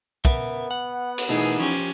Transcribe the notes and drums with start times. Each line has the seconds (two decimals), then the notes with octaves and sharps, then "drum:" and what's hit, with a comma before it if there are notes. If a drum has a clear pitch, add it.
0.25 B3 A#4 E5, drum: kick
0.71 F#5
1.18 drum: cymbal
1.29 B2 E3 A3 D#4 G#4
1.60 F3 C#4 G4